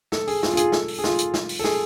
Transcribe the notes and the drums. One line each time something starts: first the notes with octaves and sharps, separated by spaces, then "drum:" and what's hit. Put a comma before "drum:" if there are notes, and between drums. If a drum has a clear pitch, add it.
A4, drum: snare
G#4, drum: open hi-hat
F4, drum: snare
F4
G#4, drum: hi-hat
A4, drum: snare
drum: open hi-hat
G#4
F4, drum: snare
drum: hi-hat
drum: snare
drum: open hi-hat
A4
G#4, drum: snare